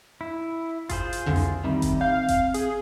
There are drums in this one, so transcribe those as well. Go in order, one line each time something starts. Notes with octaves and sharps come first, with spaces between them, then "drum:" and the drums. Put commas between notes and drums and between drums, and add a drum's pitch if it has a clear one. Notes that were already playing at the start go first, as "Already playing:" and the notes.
E4
F4 G#4 C5, drum: kick G1, hi-hat
drum: hi-hat
C2 F2 D3
drum: snare
D#3 G3 C4 E5 B5
drum: kick G1, hi-hat
F5 G6
drum: kick G1, hi-hat
G#4, drum: hi-hat